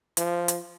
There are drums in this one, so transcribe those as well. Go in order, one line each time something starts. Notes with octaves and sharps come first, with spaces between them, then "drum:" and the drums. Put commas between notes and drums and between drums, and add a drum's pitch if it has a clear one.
F3, drum: hi-hat
drum: hi-hat